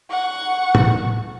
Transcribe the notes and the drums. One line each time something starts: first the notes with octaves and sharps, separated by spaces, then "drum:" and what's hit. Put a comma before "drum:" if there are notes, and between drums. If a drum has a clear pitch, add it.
F#5 C#6
drum: tom